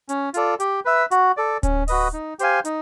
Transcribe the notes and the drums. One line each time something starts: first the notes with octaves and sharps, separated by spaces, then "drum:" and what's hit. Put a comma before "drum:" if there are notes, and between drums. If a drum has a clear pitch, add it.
C#4, drum: hi-hat
F4 A4 D5, drum: hi-hat
G4, drum: hi-hat
B4 E5
F#4, drum: hi-hat
A4 D5
C#4, drum: kick D1, hi-hat
F#4 B4 D#5, drum: open hi-hat
D#4
G4 C5 F5 G#5, drum: hi-hat
D#4, drum: hi-hat